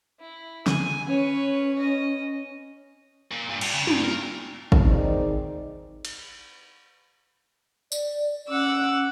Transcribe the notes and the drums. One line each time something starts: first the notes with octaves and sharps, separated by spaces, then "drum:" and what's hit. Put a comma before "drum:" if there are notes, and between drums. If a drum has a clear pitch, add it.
E4
G#5, drum: snare
C#4 B4 C#5
D#5
A#2
G2
G2, drum: cymbal
C#3
G2, drum: tom
A#4
drum: kick G#1
D#3 C4 D#4 G#4 C5 D5
drum: cymbal
D5, drum: tambourine
C#4 F#5 D6 E6